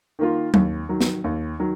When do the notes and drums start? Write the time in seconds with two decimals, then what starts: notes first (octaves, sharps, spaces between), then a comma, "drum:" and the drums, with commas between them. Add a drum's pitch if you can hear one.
0.19 D#3 A#3 F4
0.54 D#2, drum: tom F#3
0.89 D#3 F#3
1.01 drum: snare
1.24 D#2
1.59 D#3 F#3